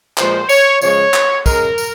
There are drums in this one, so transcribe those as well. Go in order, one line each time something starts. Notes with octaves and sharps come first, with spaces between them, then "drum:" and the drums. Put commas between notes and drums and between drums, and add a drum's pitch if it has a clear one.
A#2 F3 G#3 C5, drum: clap
C#5, drum: tambourine
C#3 F3 G#3 C#5, drum: tambourine
drum: clap
C#3 G#3 A#4, drum: kick, tambourine
drum: tambourine